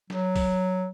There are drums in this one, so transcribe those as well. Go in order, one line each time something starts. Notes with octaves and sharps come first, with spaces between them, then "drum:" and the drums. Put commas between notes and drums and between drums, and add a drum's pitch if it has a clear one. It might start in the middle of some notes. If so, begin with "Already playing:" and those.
F#3, drum: snare
drum: kick, open hi-hat